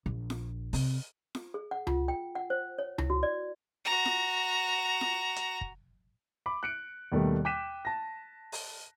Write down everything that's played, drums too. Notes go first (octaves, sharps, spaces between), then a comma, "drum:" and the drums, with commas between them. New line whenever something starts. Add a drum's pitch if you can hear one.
A#1
drum: snare F4
C3, drum: open hi-hat
drum: snare F4
G#4
F#5
F4, drum: tom C#2
G5
F#5
C5
C#5
E4, drum: tom C#2
F#4
D5
F#4 A#5
drum: snare F4
drum: snare F4
drum: hi-hat
drum: kick
B5 D6
F#6 C#7 D7
D#2 B2 D#3 G3 A3
G5 D6 F#6 B6 D#7 E7
A5 A#6
drum: open hi-hat